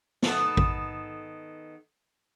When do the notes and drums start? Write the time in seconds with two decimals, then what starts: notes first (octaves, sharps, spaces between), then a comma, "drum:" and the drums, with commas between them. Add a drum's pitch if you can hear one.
0.23 D#3 B3 A4, drum: snare
0.57 drum: kick A1